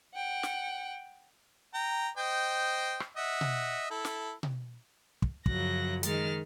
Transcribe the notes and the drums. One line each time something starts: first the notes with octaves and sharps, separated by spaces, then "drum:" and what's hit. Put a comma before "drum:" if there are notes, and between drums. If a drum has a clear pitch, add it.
F#5 G5
drum: snare
G5 A#5
C5 D#5 G5
drum: rim click
D#5 E5 F#5
drum: tom B2
E4 A4
drum: snare
drum: tom B2
drum: kick
F#2 C#3 F3 F#3 F#6 A#6, drum: kick
D#3 G#3 F6 A6, drum: hi-hat